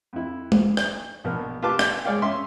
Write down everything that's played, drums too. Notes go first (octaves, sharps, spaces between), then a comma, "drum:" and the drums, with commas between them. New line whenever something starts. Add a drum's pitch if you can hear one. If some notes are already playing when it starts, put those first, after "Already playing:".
F2 E4
drum: tom G#3
drum: rim click
A#1 B2 F3 A#4
F4 G4 B4 A5 D6
drum: rim click
G#3 C#5 D5 F5 G5
C#4 E5 C6